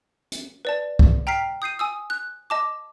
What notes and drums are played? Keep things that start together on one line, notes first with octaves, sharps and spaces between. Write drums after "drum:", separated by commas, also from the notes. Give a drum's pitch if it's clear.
drum: hi-hat
B4 D5 A5
drum: kick C2
G5 A#5 F6 B6 C7
D#6 G6 C7 D#7
G#5 D#6 E6
F#6
D#5 A5 D6